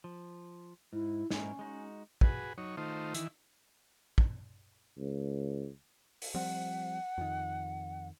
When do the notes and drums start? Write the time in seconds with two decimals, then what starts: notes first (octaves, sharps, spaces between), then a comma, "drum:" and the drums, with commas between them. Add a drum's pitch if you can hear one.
0.04 F3
0.93 G#2 E4
1.30 G#2 C#4 E4 A#4, drum: snare
1.59 G#3 D#4 F#4
2.21 F#4 G#4 B4, drum: kick
2.58 F#3 D#4 C#5
2.77 D#3 A3 D#4 F4 C5
3.14 D#3 E3 E4, drum: hi-hat
4.18 drum: kick
4.98 C#2
6.22 drum: open hi-hat
6.34 F3 G3 C4 F#5
7.18 F2 D#3